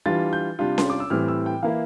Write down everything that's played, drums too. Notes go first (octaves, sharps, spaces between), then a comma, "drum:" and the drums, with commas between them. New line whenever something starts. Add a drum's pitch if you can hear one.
E3 G3 D4 F4 A6
G6
C3 G3 D4 F4
C6, drum: snare C#4
D6
E6
A2 E3 G3 C4 F6
E6
G5
E3 A#3 E4 F5